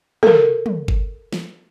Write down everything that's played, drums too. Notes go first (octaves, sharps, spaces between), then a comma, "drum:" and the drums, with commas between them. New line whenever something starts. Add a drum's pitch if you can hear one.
A4 A#4, drum: tom
drum: tom
drum: kick F#1
drum: snare